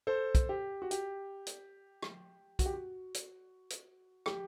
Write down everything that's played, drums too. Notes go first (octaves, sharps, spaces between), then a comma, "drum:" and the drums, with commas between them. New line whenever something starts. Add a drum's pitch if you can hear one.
A4 C5
drum: kick, hi-hat
G4
F#4
G4, drum: hi-hat
drum: hi-hat
drum: rim click
F#4, drum: kick, hi-hat
G4
F#4
drum: hi-hat
drum: hi-hat
G4, drum: rim click